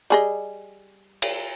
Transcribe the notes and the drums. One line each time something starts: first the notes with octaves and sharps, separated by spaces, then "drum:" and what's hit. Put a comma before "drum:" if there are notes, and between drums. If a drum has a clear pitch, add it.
G3 G#4 D#5
drum: cymbal